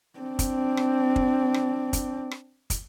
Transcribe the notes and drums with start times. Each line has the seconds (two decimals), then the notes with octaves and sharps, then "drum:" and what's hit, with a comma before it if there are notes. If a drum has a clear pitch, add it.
0.19 C4 D4
0.39 drum: kick, hi-hat
0.77 drum: rim click
1.16 drum: kick
1.54 drum: rim click
1.93 drum: kick, hi-hat
2.31 drum: rim click
2.70 drum: kick, hi-hat